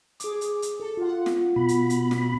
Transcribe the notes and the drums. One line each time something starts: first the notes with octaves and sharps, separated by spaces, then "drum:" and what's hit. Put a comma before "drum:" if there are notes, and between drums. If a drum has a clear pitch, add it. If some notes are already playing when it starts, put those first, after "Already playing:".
G#4 D6, drum: hi-hat
drum: hi-hat
drum: hi-hat
A4
F4 F#5
drum: snare
B2 B5
drum: hi-hat
drum: hi-hat
drum: snare